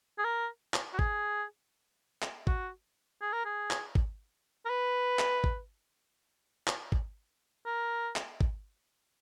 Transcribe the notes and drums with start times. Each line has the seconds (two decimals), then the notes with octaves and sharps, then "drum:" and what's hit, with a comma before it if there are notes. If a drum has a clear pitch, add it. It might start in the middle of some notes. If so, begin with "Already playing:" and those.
0.19 G#4
0.24 A#4
0.74 drum: clap
0.94 F#4
0.99 G#4, drum: kick
2.22 drum: clap
2.47 F#4, drum: kick
3.22 G#4
3.33 A#4
3.45 G#4
3.71 drum: clap
3.95 drum: kick
4.65 A#4
4.70 B4
5.19 drum: clap
5.44 drum: kick
6.67 drum: clap
6.92 drum: kick
7.66 A#4
8.16 drum: clap
8.41 drum: kick